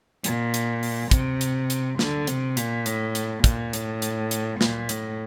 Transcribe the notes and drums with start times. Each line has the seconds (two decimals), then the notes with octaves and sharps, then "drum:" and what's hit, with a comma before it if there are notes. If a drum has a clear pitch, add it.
0.24 A#2, drum: hi-hat
0.54 drum: hi-hat
0.83 drum: open hi-hat
1.11 C3, drum: kick, hi-hat
1.41 drum: hi-hat
1.70 drum: hi-hat
1.99 D3, drum: snare
2.27 C3, drum: hi-hat
2.57 A#2, drum: hi-hat
2.86 A2, drum: hi-hat
3.15 drum: hi-hat
3.44 A#2, drum: kick, hi-hat
3.73 A2, drum: hi-hat
4.02 drum: hi-hat
4.31 drum: hi-hat
4.61 A#2, drum: snare
4.89 A2, drum: hi-hat